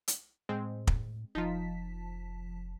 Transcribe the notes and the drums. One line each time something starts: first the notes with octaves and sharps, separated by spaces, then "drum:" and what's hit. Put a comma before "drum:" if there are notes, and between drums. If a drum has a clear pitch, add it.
drum: hi-hat
A2 G#3 C4
drum: kick
F1 F3 D#4 F4 A5 B6